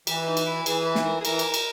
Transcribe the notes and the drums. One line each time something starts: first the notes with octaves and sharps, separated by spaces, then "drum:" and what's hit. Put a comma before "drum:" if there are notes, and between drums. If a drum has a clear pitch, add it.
E3 G4, drum: cymbal
D#4
drum: cymbal
E4
E3 G#4, drum: cymbal
B4
drum: snare
A#4
G#4
E3 A#4, drum: cymbal
drum: cymbal
drum: cymbal